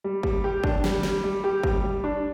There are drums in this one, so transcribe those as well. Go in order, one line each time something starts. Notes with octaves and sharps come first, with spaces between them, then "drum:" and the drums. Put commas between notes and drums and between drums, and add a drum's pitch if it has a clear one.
G3
G3, drum: kick
G4
D4, drum: kick
G3, drum: snare
G3, drum: snare
G3
G4
G3, drum: kick
G3
D4